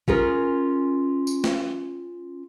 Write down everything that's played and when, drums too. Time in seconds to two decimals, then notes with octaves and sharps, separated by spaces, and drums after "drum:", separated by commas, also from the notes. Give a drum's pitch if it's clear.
0.08 C#4 F4 G#4 A#4, drum: kick A1
1.27 drum: tambourine
1.44 drum: snare